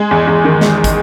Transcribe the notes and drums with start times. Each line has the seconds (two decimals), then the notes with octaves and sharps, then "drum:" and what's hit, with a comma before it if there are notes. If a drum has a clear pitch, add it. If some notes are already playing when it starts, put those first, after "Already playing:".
Already playing: G#3
0.11 E2
0.27 E2
0.45 D#3
0.61 G#3, drum: snare
0.84 drum: kick, hi-hat